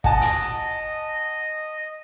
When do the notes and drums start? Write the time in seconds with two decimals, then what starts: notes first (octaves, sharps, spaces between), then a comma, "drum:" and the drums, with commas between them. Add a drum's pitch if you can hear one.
0.04 D#5 F#5 G#5 A5, drum: kick
0.21 drum: hi-hat